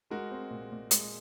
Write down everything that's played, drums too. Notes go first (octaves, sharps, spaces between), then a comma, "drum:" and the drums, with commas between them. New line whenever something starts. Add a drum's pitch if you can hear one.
G#3 F#4 A#4
C4
A#2
A#2
G#3, drum: hi-hat